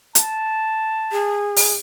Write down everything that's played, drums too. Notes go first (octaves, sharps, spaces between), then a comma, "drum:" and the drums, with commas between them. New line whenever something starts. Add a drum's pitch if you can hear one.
A5, drum: hi-hat
G#4
drum: open hi-hat